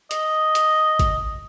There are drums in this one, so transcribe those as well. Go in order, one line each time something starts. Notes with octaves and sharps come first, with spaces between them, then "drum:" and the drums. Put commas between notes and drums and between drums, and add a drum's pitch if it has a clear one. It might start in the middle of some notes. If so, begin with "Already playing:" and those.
D#5, drum: hi-hat
drum: hi-hat
drum: kick, hi-hat